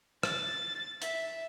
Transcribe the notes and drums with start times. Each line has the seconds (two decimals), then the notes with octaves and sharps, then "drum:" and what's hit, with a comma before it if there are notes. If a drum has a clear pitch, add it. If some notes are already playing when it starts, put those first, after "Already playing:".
0.23 A6, drum: rim click
1.02 E5, drum: hi-hat